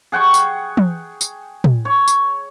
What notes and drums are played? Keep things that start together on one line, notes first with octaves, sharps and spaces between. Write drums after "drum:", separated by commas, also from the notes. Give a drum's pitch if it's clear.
G#4 F#5 G5 C#6
drum: tambourine
drum: tom
drum: tambourine
drum: tom
C#5
drum: tambourine